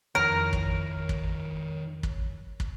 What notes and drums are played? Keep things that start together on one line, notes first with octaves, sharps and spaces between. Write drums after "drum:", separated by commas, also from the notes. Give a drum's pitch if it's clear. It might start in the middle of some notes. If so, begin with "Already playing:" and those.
F2 D#3 E4 A#4 C#5
drum: kick
drum: kick
drum: kick
drum: kick